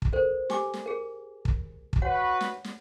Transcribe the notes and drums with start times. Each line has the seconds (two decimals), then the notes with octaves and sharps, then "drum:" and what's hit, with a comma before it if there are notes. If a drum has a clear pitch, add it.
0.02 drum: kick
0.13 A4 A#4 C5
0.50 G4 G#5 D6, drum: snare
0.73 drum: snare
0.86 G#4 A#4
1.45 drum: kick
1.93 drum: kick
2.02 F#4 B4 C#5 F#5
2.41 drum: snare
2.64 drum: snare